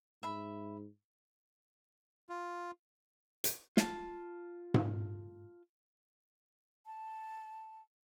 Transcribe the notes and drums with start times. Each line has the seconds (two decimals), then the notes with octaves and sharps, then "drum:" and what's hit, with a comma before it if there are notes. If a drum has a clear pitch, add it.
0.23 G#2 E5 B5
2.29 F4
3.44 drum: hi-hat
3.77 F4 A5, drum: snare
4.74 drum: tom G#2
6.86 A5